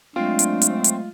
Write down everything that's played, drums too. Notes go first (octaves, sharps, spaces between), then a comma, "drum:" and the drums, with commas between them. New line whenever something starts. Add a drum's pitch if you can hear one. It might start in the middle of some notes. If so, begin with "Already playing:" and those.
F#3 G#3 A3 C4 D4 F4
drum: hi-hat
drum: hi-hat
drum: hi-hat